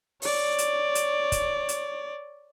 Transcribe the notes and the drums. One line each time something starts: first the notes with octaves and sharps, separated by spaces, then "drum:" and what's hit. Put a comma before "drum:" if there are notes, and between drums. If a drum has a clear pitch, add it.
C#5 D5, drum: open hi-hat
drum: hi-hat
drum: hi-hat
drum: kick, hi-hat
drum: hi-hat